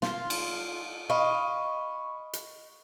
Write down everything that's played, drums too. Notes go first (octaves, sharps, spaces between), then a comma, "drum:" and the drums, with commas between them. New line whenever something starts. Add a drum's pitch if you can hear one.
F4, drum: snare
drum: cymbal
D#5 F5 B5 C#6
drum: hi-hat